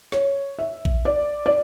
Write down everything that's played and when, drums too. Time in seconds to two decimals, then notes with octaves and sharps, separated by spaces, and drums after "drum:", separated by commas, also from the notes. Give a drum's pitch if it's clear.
0.12 C#5, drum: snare
0.59 E5
0.85 drum: kick A#1
1.05 D5
1.46 D5